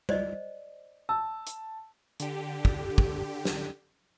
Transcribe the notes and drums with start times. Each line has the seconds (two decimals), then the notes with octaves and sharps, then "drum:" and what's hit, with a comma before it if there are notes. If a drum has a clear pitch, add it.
0.09 C5 D5 D#5, drum: tom G3
1.09 A5 E6
1.47 drum: hi-hat
2.20 D3 G4, drum: hi-hat
2.65 drum: kick
2.98 drum: kick
3.45 drum: snare